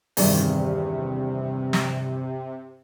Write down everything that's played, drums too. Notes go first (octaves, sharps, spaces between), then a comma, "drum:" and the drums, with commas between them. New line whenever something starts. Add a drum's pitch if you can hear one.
E2 G2 C3 D#3, drum: open hi-hat
drum: snare